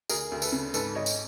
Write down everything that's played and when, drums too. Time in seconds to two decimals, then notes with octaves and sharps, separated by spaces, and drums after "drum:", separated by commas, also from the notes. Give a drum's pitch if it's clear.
0.09 D2 G#4 A#4, drum: tambourine
0.32 D2
0.42 A4 B4, drum: tambourine
0.52 C#3
0.74 G#2 A4 B4, drum: tambourine
0.95 G#1 C#5 D#5
1.06 drum: tambourine